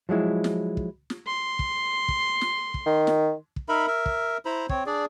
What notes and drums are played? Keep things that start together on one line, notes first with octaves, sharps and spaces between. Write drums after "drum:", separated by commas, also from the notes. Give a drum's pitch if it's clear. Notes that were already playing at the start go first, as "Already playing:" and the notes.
F3 F#3 G#3 E4
drum: snare
drum: kick
drum: snare
C6
drum: kick
drum: kick
drum: snare
drum: kick
D#3
drum: snare
drum: kick
D#4 A#4 E5 B5
A#4 E5
drum: kick
E4 C5 A#5 B5
C4 C#5, drum: kick
D4 G#4 D5